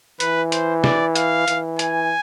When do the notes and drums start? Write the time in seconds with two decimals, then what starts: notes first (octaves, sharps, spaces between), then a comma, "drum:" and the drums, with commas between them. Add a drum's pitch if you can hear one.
0.20 E3 B4, drum: hi-hat
0.52 C5, drum: hi-hat
0.84 D5, drum: snare
1.16 F5, drum: hi-hat
1.48 E3, drum: hi-hat
1.79 G#5, drum: hi-hat